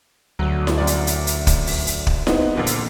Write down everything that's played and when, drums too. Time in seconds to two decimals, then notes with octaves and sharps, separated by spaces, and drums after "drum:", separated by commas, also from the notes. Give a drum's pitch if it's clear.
0.39 D2 F#3
0.67 drum: snare E4
0.78 F#2 D5
0.87 drum: hi-hat
1.07 drum: hi-hat
1.27 drum: hi-hat
1.47 drum: kick, hi-hat
1.67 drum: open hi-hat
1.87 drum: hi-hat
2.07 drum: kick
2.27 B3 C4 D#4, drum: snare E4
2.55 F2 A#2 D3
2.67 drum: hi-hat